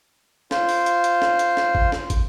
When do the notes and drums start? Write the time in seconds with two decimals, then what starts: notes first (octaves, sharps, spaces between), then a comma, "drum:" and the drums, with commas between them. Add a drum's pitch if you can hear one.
0.51 F4 C5, drum: snare
0.69 drum: open hi-hat
0.86 drum: hi-hat
1.04 drum: hi-hat
1.22 drum: snare
1.39 drum: hi-hat
1.57 drum: snare
1.75 drum: kick
1.92 drum: snare
2.10 drum: kick, hi-hat